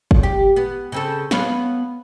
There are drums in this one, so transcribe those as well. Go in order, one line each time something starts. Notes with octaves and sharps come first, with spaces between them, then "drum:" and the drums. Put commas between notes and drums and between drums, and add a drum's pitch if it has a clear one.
drum: kick
G4
B3
C#3 C4 A4
B3 C#5 F5, drum: snare